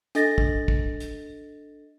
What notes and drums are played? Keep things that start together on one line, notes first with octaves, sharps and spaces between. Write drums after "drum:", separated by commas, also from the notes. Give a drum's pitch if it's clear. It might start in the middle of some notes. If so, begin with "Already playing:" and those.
D4 A4 D#5 A6 A#6, drum: hi-hat
drum: kick
drum: kick
drum: hi-hat